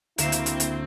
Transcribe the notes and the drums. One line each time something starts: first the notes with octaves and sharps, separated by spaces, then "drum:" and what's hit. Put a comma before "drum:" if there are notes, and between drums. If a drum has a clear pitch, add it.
D2 A#3 C4 E4 A#4 E5 F5, drum: hi-hat
drum: hi-hat
drum: hi-hat
drum: hi-hat